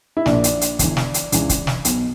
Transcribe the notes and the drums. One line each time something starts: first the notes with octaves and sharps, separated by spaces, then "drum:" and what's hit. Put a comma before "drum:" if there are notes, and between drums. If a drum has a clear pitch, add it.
E4
A#1 A#2 D4, drum: snare
drum: hi-hat
drum: hi-hat
G1 G2 E3, drum: kick, hi-hat
drum: snare
drum: hi-hat
C#2 C#3 E3, drum: hi-hat
drum: kick, hi-hat
drum: snare
B1 B2, drum: hi-hat